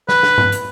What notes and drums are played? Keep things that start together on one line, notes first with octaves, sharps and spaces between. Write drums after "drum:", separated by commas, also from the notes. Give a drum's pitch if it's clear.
B4, drum: snare
drum: snare
drum: tom G2
drum: hi-hat